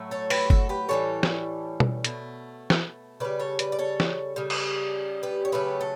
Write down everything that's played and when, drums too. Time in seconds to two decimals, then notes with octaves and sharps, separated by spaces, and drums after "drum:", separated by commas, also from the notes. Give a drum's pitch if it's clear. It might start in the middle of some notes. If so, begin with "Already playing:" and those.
Already playing: A2 F#3 A3
0.11 A4 C#5
0.30 G4 B4, drum: open hi-hat
0.50 F#4 A4, drum: kick F#1
0.69 G4 B4
0.89 A2 E3 G3 A4 C#5
1.23 drum: snare
1.80 drum: tom
2.04 B2 A3, drum: hi-hat
2.70 drum: snare
3.20 C#3 G3 B4 D5
3.39 A4 C#5
3.59 B4 D5, drum: hi-hat
3.72 D5
3.79 A4 C#5
4.00 drum: snare
4.36 C#3 G3
4.50 drum: cymbal
5.23 G4 B4
5.45 C#5
5.52 C#3 F#3 A3 G4 B4
5.81 A4